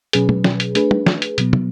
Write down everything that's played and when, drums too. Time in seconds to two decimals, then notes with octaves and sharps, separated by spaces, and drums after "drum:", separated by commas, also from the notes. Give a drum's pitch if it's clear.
0.13 B2 F#3 C#4 G#4 B4, drum: hi-hat
0.29 drum: tom
0.44 drum: snare
0.60 drum: hi-hat
0.75 A3 D4 G#4 B4, drum: hi-hat
0.91 drum: tom
1.06 drum: snare
1.22 drum: hi-hat
1.38 B2 F#3 B3, drum: hi-hat
1.53 drum: tom